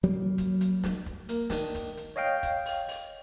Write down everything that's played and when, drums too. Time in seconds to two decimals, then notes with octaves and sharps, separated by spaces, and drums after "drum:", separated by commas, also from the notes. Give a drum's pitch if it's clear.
0.03 F#3 G3 A#3
0.38 drum: kick, hi-hat
0.61 drum: hi-hat
0.84 drum: snare
1.06 drum: kick
1.29 A#3, drum: hi-hat
1.50 D#3 D4, drum: snare
1.75 drum: kick, hi-hat
1.97 drum: hi-hat
2.16 C#5 D#5 F5 G5
2.43 drum: kick, hi-hat
2.66 drum: open hi-hat
2.88 drum: open hi-hat